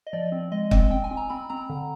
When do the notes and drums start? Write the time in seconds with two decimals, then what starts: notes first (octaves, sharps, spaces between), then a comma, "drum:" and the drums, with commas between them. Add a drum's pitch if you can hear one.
0.07 D#5
0.13 F3 D5
0.32 C4
0.52 G#3 D#5
0.71 C4 D#5, drum: kick
0.90 C4 G5
1.04 G#5
1.11 C4
1.17 A#5
1.30 C4 B5
1.50 C4 A#5
1.70 D3